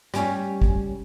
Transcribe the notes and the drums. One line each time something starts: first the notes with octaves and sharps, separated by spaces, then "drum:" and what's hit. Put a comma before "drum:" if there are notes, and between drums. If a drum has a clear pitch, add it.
G3 C#4, drum: rim click
drum: kick